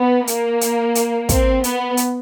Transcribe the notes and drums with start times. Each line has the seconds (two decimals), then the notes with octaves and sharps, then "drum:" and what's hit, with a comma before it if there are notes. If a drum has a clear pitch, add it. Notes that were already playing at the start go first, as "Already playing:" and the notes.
Already playing: B3
0.27 A#3, drum: hi-hat
0.61 drum: hi-hat
0.95 drum: hi-hat
1.29 C4, drum: kick, hi-hat
1.64 B3, drum: hi-hat
1.97 drum: hi-hat